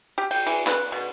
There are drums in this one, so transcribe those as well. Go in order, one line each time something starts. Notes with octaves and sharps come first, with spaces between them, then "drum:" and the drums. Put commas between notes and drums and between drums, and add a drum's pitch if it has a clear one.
G4
G5, drum: cymbal
E3, drum: cymbal
B4, drum: clap
B2